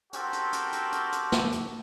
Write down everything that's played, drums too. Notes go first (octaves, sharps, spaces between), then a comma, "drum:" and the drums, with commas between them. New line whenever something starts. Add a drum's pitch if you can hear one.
C4 F#4 G4 A4 A#4, drum: hi-hat
drum: hi-hat
drum: hi-hat
drum: hi-hat
drum: hi-hat
drum: hi-hat
drum: snare
drum: hi-hat